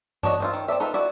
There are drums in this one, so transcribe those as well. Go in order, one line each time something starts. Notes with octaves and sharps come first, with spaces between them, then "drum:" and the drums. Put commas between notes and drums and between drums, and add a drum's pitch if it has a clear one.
D4 F#4 C#5 D#5, drum: tom G2
C4 D4 F4
D#3, drum: hi-hat
C4 D#4 D5 E5
D#4 F4 A4 B4 E5
E4 F#4 D5 E5